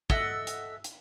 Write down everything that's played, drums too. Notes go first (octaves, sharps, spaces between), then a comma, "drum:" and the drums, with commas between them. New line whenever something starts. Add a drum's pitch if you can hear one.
A4 D#5 E5 F#5, drum: kick
drum: hi-hat
drum: hi-hat